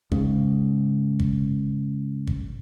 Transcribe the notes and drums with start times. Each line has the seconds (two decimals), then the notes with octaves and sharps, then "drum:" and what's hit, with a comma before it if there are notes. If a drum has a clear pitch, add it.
0.12 G#2 C#3, drum: kick
1.19 drum: kick
2.27 drum: kick